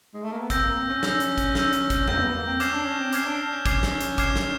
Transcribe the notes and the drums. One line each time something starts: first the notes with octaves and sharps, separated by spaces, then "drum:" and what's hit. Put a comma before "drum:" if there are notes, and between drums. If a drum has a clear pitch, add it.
G#3
A3
A#3
B3
C4 E6 G6 A#6, drum: kick, hi-hat
A#3
C4
C#4
E6 G6 A#6, drum: snare
drum: hi-hat
drum: kick, hi-hat
E6 G6 A#6, drum: snare
drum: hi-hat
drum: kick, hi-hat
C4 E6 G6 A#6, drum: tom
A#3
B3
A#3
C4
C#4 D6 F6 G#6 C7 E7, drum: hi-hat
D4
C#4
C4
C#4 D6 F6 G#6 C7 E7, drum: hi-hat
D4
C#4
D6 F6 G#6 C7 E7, drum: kick, hi-hat
drum: snare
drum: hi-hat
D6 F6 G#6 C7 E7, drum: kick, hi-hat
drum: snare